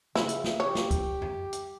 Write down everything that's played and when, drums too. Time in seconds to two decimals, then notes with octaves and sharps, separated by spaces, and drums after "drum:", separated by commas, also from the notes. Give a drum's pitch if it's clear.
0.15 C#3 E4, drum: snare
0.29 drum: hi-hat
0.44 drum: snare
0.60 G4 C#5
0.75 drum: snare
0.91 drum: kick, hi-hat
1.22 drum: tom F2
1.53 drum: hi-hat